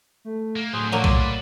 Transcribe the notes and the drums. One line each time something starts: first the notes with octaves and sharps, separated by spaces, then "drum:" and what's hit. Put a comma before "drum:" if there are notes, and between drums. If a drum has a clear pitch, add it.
A3
A#3
D2 A2 F#3 G#4 C5
A#2 D3 F#3 A#3 D4 F#4
D5 C6, drum: kick B1
F#4 B4